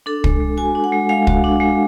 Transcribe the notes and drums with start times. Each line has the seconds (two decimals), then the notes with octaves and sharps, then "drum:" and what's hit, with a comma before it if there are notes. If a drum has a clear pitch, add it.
0.06 D4 A4
0.24 G#3, drum: kick
0.40 G#3
0.57 F#4 G#5
0.75 D4
0.84 F#5
0.92 G#3
1.09 G#3 F5
1.27 F#4, drum: kick
1.44 D4
1.60 G#3